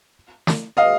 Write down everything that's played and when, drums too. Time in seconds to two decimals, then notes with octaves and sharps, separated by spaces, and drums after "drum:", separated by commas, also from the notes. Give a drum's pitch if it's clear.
0.47 drum: snare
0.77 D#5 F5